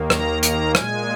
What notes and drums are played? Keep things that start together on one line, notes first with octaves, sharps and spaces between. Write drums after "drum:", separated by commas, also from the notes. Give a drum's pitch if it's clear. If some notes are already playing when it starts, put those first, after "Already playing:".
Already playing: D#2 D#3 A#3
A#5, drum: rim click
A#5, drum: hi-hat
A#2 G#3 G#5, drum: rim click